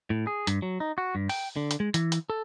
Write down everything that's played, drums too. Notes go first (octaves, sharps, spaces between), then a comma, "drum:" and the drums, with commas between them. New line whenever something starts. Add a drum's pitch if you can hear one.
A2
G#4
G2, drum: hi-hat
F#3
D#4
F#4
G2
G5, drum: open hi-hat
D3
drum: hi-hat
G#3
E3, drum: hi-hat
drum: hi-hat
A4